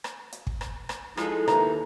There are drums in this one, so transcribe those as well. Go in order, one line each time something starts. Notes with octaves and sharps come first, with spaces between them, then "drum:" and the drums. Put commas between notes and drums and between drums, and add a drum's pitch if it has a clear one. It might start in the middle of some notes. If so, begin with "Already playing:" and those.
drum: rim click
drum: hi-hat
drum: kick
drum: rim click
drum: rim click
F3 G#3 D#4 E4 A4, drum: rim click
D#2 E3 A#5, drum: rim click